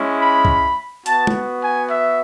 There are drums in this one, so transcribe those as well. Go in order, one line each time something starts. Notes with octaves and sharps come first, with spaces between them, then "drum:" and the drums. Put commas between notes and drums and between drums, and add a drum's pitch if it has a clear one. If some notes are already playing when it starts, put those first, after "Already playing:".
Already playing: G#3 C#4 E4
B5
drum: kick C2
B3 F#4 A5, drum: hi-hat
drum: tom
G#5
E5